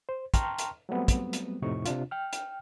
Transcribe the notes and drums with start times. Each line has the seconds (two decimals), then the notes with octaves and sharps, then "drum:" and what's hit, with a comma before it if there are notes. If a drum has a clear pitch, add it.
0.09 C5
0.34 G5 A5 A#5 C6 C#6 F6, drum: kick, hi-hat
0.59 drum: hi-hat
0.89 F#3 G3 A3 B3 C4
1.08 drum: kick, hi-hat
1.33 drum: hi-hat
1.62 F2 A2 C3 D#4 C#6
1.86 C3 D4 F4, drum: hi-hat
2.11 G5 F6
2.33 drum: hi-hat